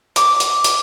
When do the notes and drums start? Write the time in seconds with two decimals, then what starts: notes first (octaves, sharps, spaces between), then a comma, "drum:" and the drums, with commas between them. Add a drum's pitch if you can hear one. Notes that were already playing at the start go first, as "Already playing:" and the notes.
0.16 D6, drum: hi-hat
0.40 drum: hi-hat
0.64 drum: hi-hat